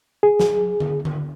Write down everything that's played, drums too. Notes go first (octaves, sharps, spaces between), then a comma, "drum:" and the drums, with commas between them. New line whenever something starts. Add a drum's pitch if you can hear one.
G#4
drum: snare
drum: tom D3
drum: tom D3